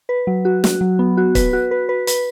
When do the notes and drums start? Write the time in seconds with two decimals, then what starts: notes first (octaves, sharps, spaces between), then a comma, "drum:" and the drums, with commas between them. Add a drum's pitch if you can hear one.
0.09 B4
0.27 F#3
0.45 F#4
0.64 F#4, drum: snare
0.81 F#3
0.99 B3
1.17 F#4
1.35 B4, drum: kick, hi-hat
1.53 F#4
1.71 B4
1.89 B4
2.07 B4, drum: hi-hat